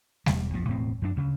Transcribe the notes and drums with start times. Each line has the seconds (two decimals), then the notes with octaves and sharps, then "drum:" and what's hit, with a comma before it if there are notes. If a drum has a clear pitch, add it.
0.26 E1 E2 G3, drum: snare G3
0.54 A#1 E2 G2 F3
0.68 E1 A2 C4
1.02 F#2 F#3 D4
1.16 D2 C#3